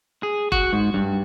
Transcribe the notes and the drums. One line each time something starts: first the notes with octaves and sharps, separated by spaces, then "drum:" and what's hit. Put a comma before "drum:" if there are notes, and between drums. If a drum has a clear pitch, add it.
G#4
F#4, drum: kick E1
G#2
G2